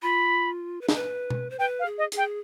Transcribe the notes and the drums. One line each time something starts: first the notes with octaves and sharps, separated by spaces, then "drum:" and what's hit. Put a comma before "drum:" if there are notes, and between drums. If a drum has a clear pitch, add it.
F4 B5
B4
G#4, drum: snare
B4
drum: tom B2
C5
B4 G5
F5
G#4
D#5
G#4, drum: hi-hat
G5